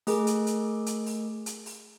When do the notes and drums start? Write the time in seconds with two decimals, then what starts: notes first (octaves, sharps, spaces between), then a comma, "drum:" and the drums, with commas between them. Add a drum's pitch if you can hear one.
0.07 A3 G#4 A#4, drum: open hi-hat
0.27 drum: hi-hat
0.47 drum: hi-hat
0.86 drum: hi-hat
1.06 drum: open hi-hat
1.46 drum: hi-hat
1.66 drum: open hi-hat